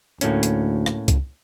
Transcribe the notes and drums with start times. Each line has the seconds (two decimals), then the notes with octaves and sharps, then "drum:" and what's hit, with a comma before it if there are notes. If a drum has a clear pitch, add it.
0.21 D2 A2 A#3 C#4, drum: hi-hat
0.43 drum: hi-hat
0.86 drum: rim click
1.08 drum: kick C2, hi-hat